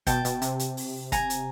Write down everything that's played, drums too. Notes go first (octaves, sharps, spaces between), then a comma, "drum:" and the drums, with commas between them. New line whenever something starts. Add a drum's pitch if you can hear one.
B2 G5 A5, drum: kick, hi-hat
B2, drum: hi-hat
C3, drum: hi-hat
drum: hi-hat
drum: open hi-hat
G#5 A#5, drum: kick, hi-hat
drum: hi-hat